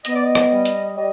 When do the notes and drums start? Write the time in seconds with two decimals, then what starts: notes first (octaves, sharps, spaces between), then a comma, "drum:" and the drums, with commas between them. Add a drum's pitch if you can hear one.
0.05 B3 D#5, drum: hi-hat
0.15 D5
0.24 D#5
0.35 drum: rim click
0.51 G3
0.65 drum: hi-hat
0.96 G3 D#5